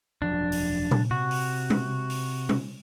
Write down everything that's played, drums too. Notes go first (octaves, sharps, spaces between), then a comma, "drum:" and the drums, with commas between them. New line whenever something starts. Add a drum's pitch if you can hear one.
E1 F3 F#3 D4
drum: open hi-hat
drum: tom A#2
C3 F#4
drum: open hi-hat
drum: tom
drum: open hi-hat
drum: tom